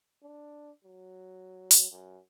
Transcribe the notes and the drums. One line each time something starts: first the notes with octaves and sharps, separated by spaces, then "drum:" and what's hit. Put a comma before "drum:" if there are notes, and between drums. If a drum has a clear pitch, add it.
D4
F#3
drum: open hi-hat
F#2